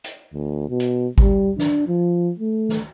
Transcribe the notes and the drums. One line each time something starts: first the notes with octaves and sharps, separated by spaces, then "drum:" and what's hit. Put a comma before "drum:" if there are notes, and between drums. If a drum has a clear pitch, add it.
drum: hi-hat
D2
B2
drum: hi-hat
G3, drum: kick G#1
D4, drum: snare
F3
A3
drum: snare